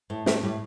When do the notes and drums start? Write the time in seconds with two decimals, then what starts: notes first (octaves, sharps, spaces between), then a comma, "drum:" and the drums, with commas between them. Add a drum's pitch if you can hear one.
0.10 A2
0.26 A2 A3, drum: snare
0.43 A2 G3